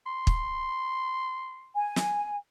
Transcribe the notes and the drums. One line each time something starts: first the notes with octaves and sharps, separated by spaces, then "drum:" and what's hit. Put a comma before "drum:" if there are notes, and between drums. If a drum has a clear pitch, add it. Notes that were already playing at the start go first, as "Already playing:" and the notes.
C6
drum: kick
G#5
drum: snare